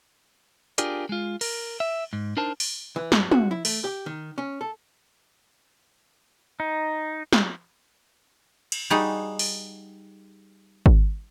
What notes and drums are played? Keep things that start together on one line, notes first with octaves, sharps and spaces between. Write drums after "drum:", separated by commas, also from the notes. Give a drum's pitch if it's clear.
D4 F4 G4 G#4 A#4 D5, drum: hi-hat
G#3 F4
A#4, drum: cymbal
E5
G#2
D4 D#4 A#4 C5 A5
drum: open hi-hat
E3
G2, drum: snare
F#4, drum: tom
E4
A3, drum: open hi-hat
G4
D#3
C#4
A4
D#4
drum: snare
drum: cymbal
G3 D#4 F#4 G#4
drum: open hi-hat
drum: kick G#1